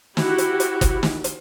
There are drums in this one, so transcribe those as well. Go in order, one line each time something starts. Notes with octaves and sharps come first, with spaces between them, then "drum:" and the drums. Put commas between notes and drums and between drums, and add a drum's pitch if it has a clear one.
E4 F#4 G4, drum: snare
drum: hi-hat
drum: hi-hat
drum: kick F#1, hi-hat
drum: snare
drum: hi-hat